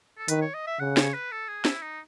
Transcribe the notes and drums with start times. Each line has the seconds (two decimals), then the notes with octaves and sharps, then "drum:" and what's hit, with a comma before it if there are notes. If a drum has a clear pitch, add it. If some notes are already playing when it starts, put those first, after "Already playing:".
0.18 A4
0.28 D#3 B4, drum: hi-hat
0.41 C#5
0.54 D#5
0.67 E5
0.79 C#3 F#5
0.97 C#5, drum: snare
1.14 B4
1.31 A4
1.48 G#4
1.65 E4, drum: snare
1.82 D#4